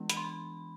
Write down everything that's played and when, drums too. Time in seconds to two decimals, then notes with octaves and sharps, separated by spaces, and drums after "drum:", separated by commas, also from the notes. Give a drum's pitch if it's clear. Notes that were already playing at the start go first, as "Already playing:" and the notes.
Already playing: E3 G#3 B3 D4
0.10 B5, drum: hi-hat
0.17 C6
0.25 B5